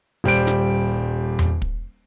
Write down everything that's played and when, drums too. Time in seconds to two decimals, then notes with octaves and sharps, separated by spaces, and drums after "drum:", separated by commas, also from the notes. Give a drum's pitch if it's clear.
0.24 D#1 G3 C5 D7
0.47 drum: snare
1.39 drum: tom E2
1.62 drum: kick